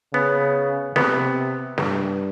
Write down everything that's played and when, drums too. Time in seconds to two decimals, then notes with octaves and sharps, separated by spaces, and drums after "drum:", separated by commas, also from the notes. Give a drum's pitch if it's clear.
0.13 C#3 B3
0.96 C3 B3, drum: snare
1.78 G2, drum: snare